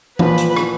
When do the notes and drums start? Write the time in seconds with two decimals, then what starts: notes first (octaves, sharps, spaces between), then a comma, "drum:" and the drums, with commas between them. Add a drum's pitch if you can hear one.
0.19 A#2 F3 B3 B4, drum: tom E3
0.38 drum: hi-hat
0.56 drum: rim click